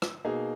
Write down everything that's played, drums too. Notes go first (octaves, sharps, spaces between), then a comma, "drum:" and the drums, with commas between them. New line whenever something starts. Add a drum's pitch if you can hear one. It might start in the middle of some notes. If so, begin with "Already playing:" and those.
drum: rim click
B2 A#3 D#4 G#4